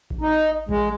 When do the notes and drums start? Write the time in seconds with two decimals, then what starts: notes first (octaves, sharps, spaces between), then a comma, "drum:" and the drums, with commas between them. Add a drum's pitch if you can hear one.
0.10 drum: kick A1
0.21 D#4
0.69 G#3, drum: kick A1